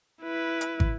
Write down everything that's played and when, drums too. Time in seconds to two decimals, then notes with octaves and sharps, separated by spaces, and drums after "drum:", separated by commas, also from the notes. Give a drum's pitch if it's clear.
0.23 E4 B4
0.61 drum: hi-hat
0.80 drum: kick